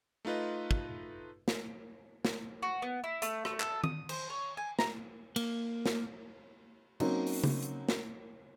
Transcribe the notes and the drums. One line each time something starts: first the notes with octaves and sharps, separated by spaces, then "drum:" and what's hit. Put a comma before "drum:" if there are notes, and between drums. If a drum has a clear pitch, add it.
A3 D#4 F4 B4 D#5
drum: kick
drum: snare
drum: snare
F#4
B3
E4
A3, drum: hi-hat
A3, drum: rim click
A4, drum: clap
D#6, drum: tom D#3
C5, drum: cymbal
C#5
G#5
A#5, drum: snare
A#3, drum: cymbal
drum: snare
F#3 A#3 C4 C#4 D#4 F#4, drum: cymbal
drum: open hi-hat
drum: tom C#3
drum: hi-hat
drum: snare